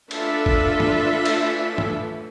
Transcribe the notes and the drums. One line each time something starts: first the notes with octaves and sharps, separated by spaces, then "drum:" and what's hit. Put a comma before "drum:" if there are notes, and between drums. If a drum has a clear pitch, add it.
A3 D4 F4 A4 B4 E5, drum: cymbal
drum: kick
drum: tom G#2
drum: cymbal
drum: tom G#2